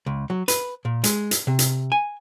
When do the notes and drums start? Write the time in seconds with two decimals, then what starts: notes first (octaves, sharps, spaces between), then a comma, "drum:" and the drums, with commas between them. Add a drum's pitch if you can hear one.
0.06 C#2
0.30 F#3
0.48 B4, drum: hi-hat
0.85 A#2
1.04 G#3, drum: hi-hat
1.31 drum: hi-hat
1.47 C3
1.59 drum: hi-hat
1.92 G#5